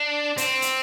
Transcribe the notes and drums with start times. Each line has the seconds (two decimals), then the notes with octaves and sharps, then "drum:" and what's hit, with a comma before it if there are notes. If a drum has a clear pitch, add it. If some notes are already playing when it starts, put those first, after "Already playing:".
Already playing: D4
0.38 C4, drum: hi-hat
0.62 drum: hi-hat